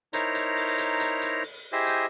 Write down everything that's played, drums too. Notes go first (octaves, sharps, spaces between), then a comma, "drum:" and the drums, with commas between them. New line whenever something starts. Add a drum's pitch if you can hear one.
D#4 E4 A#4 C5 C#5 A#5, drum: hi-hat
drum: hi-hat
drum: open hi-hat
drum: hi-hat
drum: hi-hat
drum: hi-hat
drum: open hi-hat
E4 G4 G#4 C5 D#5 E5
drum: hi-hat